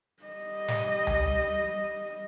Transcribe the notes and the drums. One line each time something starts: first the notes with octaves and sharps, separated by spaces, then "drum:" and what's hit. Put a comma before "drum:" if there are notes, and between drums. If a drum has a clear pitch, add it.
G3 D#5
drum: snare
drum: tom C#2